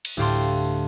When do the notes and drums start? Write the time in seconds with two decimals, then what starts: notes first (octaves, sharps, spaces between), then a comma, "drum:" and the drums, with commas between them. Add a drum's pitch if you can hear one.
0.05 drum: cymbal
0.17 D2 A2 G4 F5 A5 C6